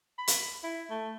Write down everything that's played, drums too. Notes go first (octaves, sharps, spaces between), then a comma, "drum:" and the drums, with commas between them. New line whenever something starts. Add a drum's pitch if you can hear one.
B5
drum: hi-hat
E4
A3